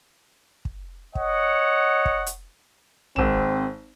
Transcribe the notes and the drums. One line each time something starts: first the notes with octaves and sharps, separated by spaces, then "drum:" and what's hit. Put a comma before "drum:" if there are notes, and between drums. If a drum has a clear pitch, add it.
drum: kick
C#5 D#5 F#5, drum: kick
drum: kick
drum: hi-hat
G#1 C4 E7, drum: tom